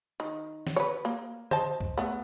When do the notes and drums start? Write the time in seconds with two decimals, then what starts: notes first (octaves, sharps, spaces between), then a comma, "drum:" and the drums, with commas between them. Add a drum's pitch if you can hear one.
0.20 D#3
0.67 drum: snare
0.76 B4 C#5
1.05 A#3
1.51 C5 D#5 A5, drum: tom
1.80 drum: kick
1.98 A3 B3